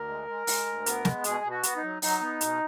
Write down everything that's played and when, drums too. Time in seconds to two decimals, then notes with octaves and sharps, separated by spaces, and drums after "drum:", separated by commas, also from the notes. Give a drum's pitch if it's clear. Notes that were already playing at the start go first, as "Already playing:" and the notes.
Already playing: D2 A#4
0.08 G#3
0.28 G#3
0.47 G#3, drum: open hi-hat
0.66 D2
0.86 B3, drum: hi-hat
1.05 G#3, drum: snare
1.24 B2 G#4, drum: hi-hat
1.44 B2
1.50 F#4
1.63 B3, drum: hi-hat
1.76 D#4
1.83 F#3
2.02 F#3 D#4, drum: open hi-hat
2.21 B3
2.41 B2, drum: hi-hat